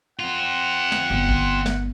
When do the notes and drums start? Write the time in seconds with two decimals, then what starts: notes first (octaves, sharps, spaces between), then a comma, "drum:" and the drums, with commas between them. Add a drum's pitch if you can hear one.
0.19 C4 F4 F#5
0.92 drum: snare
1.10 G1 G3
1.29 drum: kick A1
1.66 drum: snare